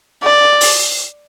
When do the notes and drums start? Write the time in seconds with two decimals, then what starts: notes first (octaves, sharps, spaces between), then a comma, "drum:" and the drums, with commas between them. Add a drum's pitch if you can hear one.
0.23 D5
0.61 drum: open hi-hat